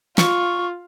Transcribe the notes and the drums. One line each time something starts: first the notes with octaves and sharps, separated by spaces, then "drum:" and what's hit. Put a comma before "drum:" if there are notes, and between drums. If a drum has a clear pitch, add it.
F4 C#6, drum: snare